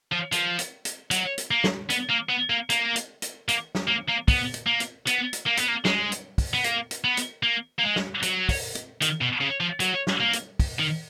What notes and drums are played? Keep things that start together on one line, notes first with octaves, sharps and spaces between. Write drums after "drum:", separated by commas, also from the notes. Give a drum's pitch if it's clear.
F3
F3, drum: hi-hat
drum: hi-hat
drum: hi-hat
F#3, drum: hi-hat
drum: hi-hat
A#3
drum: snare
B3, drum: hi-hat
A#3
B3
A#3
A#3, drum: hi-hat
drum: hi-hat
drum: hi-hat
A#3, drum: hi-hat
drum: snare
A#3
A#3
B3, drum: kick, open hi-hat
drum: hi-hat
A#3
drum: hi-hat
B3, drum: hi-hat
drum: hi-hat
A#3
B3, drum: hi-hat
A#3
G#3, drum: snare
drum: hi-hat
drum: kick, open hi-hat
B3
A#3, drum: hi-hat
drum: hi-hat
B3
drum: hi-hat
A#3
A#3
G#3
drum: snare
F#3, drum: hi-hat
drum: kick, open hi-hat
drum: hi-hat
D#3, drum: hi-hat
B2
C#3
F3
F#3, drum: hi-hat
drum: snare
A#3
drum: hi-hat
drum: kick, open hi-hat
D#3